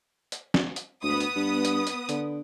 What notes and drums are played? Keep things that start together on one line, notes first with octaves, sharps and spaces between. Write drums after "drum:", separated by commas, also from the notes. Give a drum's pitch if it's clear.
drum: hi-hat
drum: snare
drum: hi-hat
D2 B3 B4 D#6
drum: hi-hat
G2
drum: hi-hat
drum: hi-hat
D3, drum: hi-hat